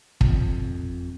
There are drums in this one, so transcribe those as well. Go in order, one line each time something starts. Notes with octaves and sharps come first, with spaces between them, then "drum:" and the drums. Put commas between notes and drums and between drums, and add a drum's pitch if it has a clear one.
F2, drum: kick